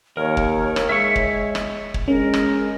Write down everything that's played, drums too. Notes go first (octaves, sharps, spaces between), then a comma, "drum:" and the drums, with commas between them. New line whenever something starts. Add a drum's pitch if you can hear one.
D#2 A#4 C#5
drum: kick
drum: rim click
G#3 E5 C#6
drum: kick
drum: rim click
drum: kick
G#3 C#4 A#4
drum: rim click